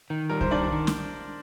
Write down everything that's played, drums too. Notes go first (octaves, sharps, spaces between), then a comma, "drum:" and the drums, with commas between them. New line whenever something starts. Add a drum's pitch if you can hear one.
D#3
G3 A#4
C5, drum: kick C2
D#3 D4 D5
D#3
drum: snare